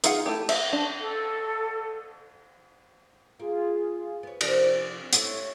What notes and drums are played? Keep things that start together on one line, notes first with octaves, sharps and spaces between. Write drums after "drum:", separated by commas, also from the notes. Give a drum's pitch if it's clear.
D#4 F4 G#4 F5 F#5, drum: hi-hat
A3 E4 G4
E5, drum: cymbal
D4
A4
A#3 F4 G#4
B3 C#5
C3 F3 C4 D5, drum: cymbal
A3 E4 C#5 D5, drum: hi-hat